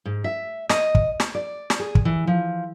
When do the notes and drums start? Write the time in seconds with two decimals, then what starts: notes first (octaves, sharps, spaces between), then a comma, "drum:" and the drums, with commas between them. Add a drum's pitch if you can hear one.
0.05 G#2
0.24 E5
0.70 D#5, drum: snare
0.95 drum: kick
1.20 drum: snare
1.35 D5
1.70 drum: snare
1.79 G#4
1.95 drum: kick
2.05 E3
2.27 F3